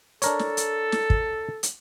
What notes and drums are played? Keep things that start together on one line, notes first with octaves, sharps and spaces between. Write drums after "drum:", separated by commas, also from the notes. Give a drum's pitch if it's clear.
D4 A4 A#4 C#5, drum: hi-hat
drum: snare
drum: hi-hat
drum: snare
drum: kick
drum: hi-hat